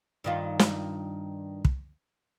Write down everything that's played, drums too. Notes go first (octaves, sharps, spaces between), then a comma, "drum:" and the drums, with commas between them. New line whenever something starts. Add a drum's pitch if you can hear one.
G2 D#3 F4
drum: snare
drum: kick